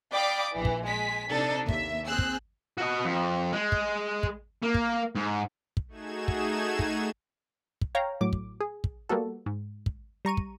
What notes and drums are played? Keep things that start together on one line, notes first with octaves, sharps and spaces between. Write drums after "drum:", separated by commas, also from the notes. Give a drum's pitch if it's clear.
D5 F5 G5 B5 D6 D#6
A#1 E3
drum: kick
G#3 G#5 B6
C3 D4 D#4 A4
D#2 E5, drum: kick
C4 G#4 E6 F#6
drum: kick
F#4 D#5
F2
G#3
drum: kick
drum: kick
A#3
drum: kick
G#2
drum: kick
A3 D#4 F#4 G#4 G#6 E7
drum: kick
drum: kick
drum: kick
C#5 F5 G5 A#5
A2 F#3 D6
drum: kick
G#4
drum: kick
G3 A#3 B3 F#4 A4
G#2
drum: kick
G3 A#5 C#6 D#7
drum: kick